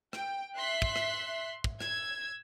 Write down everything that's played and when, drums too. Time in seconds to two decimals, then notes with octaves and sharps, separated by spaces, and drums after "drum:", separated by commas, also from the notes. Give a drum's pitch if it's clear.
0.13 G5, drum: rim click
0.55 E5 C6 F#6 B6
0.82 drum: kick
0.96 drum: rim click
1.64 drum: kick
1.80 E6 G#6, drum: rim click